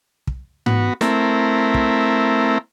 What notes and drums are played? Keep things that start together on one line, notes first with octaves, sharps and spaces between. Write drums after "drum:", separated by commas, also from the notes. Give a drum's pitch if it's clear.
drum: kick
B3 F#4, drum: tom G#2
A3 C4 E4 A#4, drum: snare
drum: kick